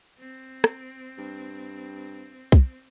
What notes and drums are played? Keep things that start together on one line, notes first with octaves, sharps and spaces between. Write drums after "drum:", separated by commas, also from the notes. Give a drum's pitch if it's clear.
C4
drum: rim click
G2
drum: kick B1